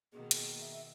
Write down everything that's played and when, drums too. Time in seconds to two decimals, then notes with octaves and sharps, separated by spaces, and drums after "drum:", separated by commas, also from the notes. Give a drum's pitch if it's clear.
0.12 B2 D#3 A#3 G#4
0.31 drum: hi-hat
0.61 E5